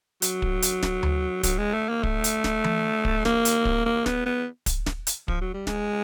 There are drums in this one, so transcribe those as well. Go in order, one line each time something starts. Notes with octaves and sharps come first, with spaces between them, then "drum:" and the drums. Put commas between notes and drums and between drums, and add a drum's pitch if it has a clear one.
F#3, drum: hi-hat
drum: kick
drum: hi-hat
drum: snare
drum: tom D2
F#3, drum: kick, hi-hat
G#3
A3
A#3
A3, drum: kick
drum: hi-hat
drum: snare
drum: tom E3
drum: kick
A#3, drum: snare
drum: hi-hat
drum: kick
A#3
B3, drum: snare
B3
drum: kick, hi-hat
drum: snare
drum: hi-hat
F3, drum: kick
F#3
G3
G#3, drum: snare